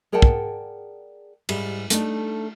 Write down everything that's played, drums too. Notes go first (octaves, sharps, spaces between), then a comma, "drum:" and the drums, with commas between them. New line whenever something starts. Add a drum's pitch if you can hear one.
G#4 A#4 D5 F#5 G5 A5
drum: kick
G#2 G3, drum: cymbal
A3 D4 D#4, drum: hi-hat